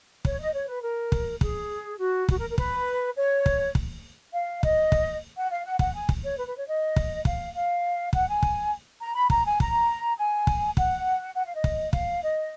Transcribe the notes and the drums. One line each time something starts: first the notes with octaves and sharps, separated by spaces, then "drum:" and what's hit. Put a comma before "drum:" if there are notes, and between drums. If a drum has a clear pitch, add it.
C#5, drum: kick
D#5
C#5
B4
A#4
drum: kick
G#4, drum: kick
F#4
F#4, drum: kick
A#4
A#4
B4, drum: kick
C#5
drum: kick
drum: kick
F5
D#5, drum: kick
drum: kick
F#5
F5
F#5
F#5, drum: kick
G#5
drum: kick
C#5
B4
B4
C#5
D#5
drum: kick
F5, drum: kick
F5
F#5, drum: kick
G#5
drum: kick
A#5
B5
A#5, drum: kick
G#5
A#5, drum: kick
G#5
drum: kick
F#5, drum: kick
F#5
F5
D#5
drum: kick
F5, drum: kick
D#5